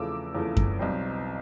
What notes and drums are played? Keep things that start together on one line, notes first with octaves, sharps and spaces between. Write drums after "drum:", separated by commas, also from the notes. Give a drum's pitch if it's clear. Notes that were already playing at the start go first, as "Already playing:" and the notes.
Already playing: E2 C#3 F3 A3 D6 E6
E2 C#3 F3 A3
drum: kick F#2
B1 B2 G3 C4